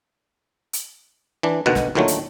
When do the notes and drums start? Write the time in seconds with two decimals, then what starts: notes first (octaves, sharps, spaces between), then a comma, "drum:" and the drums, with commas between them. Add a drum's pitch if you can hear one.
0.73 drum: hi-hat
1.43 E3 D4
1.66 D2 B2 D#3 F#5
1.75 drum: snare
1.95 D2 A#2 D#3 F#3 A3
2.08 drum: hi-hat